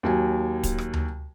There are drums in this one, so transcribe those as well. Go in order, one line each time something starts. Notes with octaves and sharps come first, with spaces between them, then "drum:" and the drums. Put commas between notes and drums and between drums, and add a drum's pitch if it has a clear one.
D#2 F#3 G#5
drum: kick, hi-hat
drum: rim click
drum: tom D2